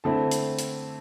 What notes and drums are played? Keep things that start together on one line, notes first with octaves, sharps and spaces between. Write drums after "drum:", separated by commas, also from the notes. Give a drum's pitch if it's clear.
D3 A3 C4 E4 A5
drum: hi-hat
drum: hi-hat